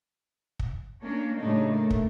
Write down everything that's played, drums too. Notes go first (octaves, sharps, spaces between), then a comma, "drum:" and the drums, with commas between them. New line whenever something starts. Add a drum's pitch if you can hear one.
drum: kick
A#3 C#4 D4
A2 C#3 G3 A3 D4 D#4
A3 A#3
drum: kick